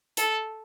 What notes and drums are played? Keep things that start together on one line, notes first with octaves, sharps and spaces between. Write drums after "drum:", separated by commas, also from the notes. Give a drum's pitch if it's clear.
A4, drum: hi-hat